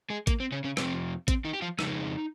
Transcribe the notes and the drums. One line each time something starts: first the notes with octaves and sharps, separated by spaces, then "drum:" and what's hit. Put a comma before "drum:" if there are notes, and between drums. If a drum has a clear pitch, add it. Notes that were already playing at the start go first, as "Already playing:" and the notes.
G#3 G#4
A#3, drum: kick A1, hi-hat
C4
C#3 C#4
C#3 C#4
F2 C3 F3 C4, drum: rim click
C4, drum: kick A1, hi-hat
D#3 D#4
G4
F3 F4
F2 C#3 G#3 D#4, drum: rim click